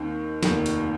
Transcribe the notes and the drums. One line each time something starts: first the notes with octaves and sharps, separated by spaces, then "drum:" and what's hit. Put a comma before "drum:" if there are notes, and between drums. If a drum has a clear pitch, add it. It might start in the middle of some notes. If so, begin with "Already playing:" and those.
Already playing: D#2 D#3 C4
F1 D#2 D#3, drum: snare
drum: hi-hat